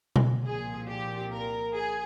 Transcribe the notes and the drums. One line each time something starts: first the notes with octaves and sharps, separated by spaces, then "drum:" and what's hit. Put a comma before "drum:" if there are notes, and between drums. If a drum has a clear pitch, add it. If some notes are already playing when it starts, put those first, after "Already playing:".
drum: tom B2
C2 A#2 F3 G#4
G4
A#4
G#4